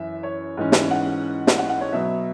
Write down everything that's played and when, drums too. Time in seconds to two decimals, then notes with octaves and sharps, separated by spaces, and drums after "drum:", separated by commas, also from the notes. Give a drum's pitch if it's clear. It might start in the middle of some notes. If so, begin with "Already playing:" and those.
Already playing: F#2 E3 E5
0.23 C#5
0.57 G#2 E3 C#4
0.72 drum: snare
0.91 F#5
1.47 drum: snare
1.59 F#5
1.69 F#5
1.81 C#5
1.92 B2 F#3 B3 E5